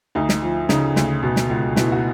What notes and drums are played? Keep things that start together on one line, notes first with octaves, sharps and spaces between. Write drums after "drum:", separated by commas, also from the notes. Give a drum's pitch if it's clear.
D2 D#4
drum: snare
F3
C#3 D#4, drum: snare
D2, drum: snare
B2
drum: snare
C#2
B2 E4, drum: snare
F#4